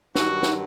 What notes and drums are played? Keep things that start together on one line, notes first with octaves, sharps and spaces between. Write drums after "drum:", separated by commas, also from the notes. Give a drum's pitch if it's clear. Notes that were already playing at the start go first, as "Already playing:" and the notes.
G2 D#3 F#3 F#4, drum: snare D#4
drum: snare D#4